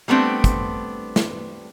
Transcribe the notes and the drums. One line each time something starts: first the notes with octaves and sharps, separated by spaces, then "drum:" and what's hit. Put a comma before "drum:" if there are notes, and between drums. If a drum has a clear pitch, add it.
G3 A3 B3 C4 D4
drum: kick, hi-hat
drum: snare